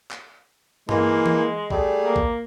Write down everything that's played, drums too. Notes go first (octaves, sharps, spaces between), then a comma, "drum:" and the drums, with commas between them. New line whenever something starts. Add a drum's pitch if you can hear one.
drum: clap
E3 G#3 A#3, drum: tom G2
drum: tom E3
G3 A3 G#4, drum: kick
A#3
drum: kick